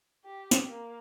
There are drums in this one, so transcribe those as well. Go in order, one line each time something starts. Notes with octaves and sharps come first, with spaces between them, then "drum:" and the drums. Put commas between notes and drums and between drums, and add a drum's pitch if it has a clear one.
G4
drum: snare
A#3